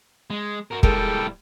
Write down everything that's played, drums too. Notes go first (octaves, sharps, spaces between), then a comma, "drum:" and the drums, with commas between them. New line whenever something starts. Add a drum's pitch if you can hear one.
G#3
F#4 A#4
A2 G3 G#3 A4 A#4 G5, drum: kick